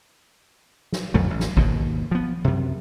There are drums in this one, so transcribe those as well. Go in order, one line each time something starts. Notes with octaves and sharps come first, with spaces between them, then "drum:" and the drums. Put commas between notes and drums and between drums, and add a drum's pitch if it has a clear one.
drum: snare
B1 F2 D3 A3
A1
drum: snare
D#2 G#2 B2, drum: kick
F3 B3
F#2 C3